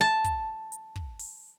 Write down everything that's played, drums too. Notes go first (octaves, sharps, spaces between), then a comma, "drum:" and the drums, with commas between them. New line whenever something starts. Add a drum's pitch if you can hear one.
A5
drum: kick, hi-hat
drum: hi-hat
drum: kick
drum: open hi-hat